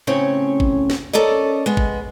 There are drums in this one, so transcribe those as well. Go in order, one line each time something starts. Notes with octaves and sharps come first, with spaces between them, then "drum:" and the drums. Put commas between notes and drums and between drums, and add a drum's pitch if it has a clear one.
A2 C#3 C4 C#4 C#5
drum: kick G1
drum: snare
C#4 A4 A#4 D5 D#5
G#3 B3
drum: kick G1